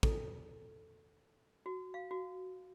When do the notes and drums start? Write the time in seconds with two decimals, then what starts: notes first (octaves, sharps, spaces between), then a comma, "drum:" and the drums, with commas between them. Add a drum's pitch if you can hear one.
0.03 A4, drum: kick
1.66 F#4
1.94 F5
2.11 F#4